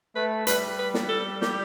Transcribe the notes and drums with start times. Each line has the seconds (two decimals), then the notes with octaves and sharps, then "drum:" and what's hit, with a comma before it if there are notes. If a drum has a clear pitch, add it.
0.16 A3 B4
0.47 G3 B4, drum: hi-hat
0.79 B4
0.94 drum: snare
1.09 A4
1.42 G4, drum: snare